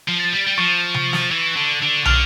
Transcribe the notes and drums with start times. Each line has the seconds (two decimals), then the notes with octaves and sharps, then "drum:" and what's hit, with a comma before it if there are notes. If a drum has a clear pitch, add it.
0.08 F3
0.20 A6
0.33 G3
0.47 G3
0.58 F3 C#6 C#7
0.94 drum: tom C3
1.13 drum: snare
1.31 E3
1.56 D3
1.81 D3
2.05 D3 F6 F7, drum: tom